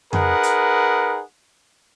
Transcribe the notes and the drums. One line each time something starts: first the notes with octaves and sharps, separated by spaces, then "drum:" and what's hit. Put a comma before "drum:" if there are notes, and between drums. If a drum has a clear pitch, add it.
D#4 G#4 A#4 B4 F#5, drum: tom F2
drum: hi-hat